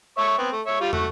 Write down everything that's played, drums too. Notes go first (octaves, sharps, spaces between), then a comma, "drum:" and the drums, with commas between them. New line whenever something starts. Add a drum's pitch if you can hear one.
C#5 E5 C#6
B3 C4
A3
C#5 E5 C#6
G3 F4
A3 F#4, drum: tom